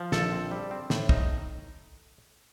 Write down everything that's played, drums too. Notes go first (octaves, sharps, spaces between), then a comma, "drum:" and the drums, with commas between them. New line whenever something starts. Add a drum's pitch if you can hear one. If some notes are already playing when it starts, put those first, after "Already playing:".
Already playing: F3
A#1 A4, drum: snare
C4
G3
C4
A2, drum: snare
D#4, drum: kick